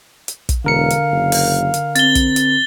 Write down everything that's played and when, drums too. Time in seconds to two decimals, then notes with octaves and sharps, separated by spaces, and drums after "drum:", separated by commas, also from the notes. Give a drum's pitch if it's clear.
0.28 drum: hi-hat
0.49 drum: kick, hi-hat
0.65 E1 D3 A#4 F5 C#7
0.90 drum: hi-hat
1.11 F#1
1.32 drum: open hi-hat
1.74 drum: hi-hat
1.95 C4 A6 G7, drum: hi-hat
2.15 drum: kick, hi-hat
2.36 drum: hi-hat